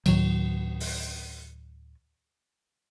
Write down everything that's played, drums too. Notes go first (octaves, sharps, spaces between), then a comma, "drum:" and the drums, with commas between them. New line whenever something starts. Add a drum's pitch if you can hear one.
D2 A2 D#3 F#3, drum: cymbal
drum: open hi-hat